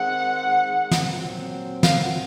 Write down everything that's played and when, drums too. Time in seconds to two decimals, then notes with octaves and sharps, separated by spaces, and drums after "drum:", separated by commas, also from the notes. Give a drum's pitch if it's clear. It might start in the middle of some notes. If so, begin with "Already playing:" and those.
Already playing: D#3 G#3 C4 F#5
0.91 A#2 F#3 C4, drum: snare
1.83 F5, drum: snare
2.01 F#5